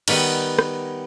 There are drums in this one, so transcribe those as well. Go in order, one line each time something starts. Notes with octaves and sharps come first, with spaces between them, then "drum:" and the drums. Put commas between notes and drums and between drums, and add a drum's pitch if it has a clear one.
D#3 G3 B3 F#5, drum: cymbal
drum: rim click